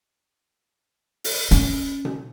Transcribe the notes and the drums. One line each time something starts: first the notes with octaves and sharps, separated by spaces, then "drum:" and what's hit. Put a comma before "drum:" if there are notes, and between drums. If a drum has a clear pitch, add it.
drum: open hi-hat
C#4, drum: hi-hat
drum: tom B2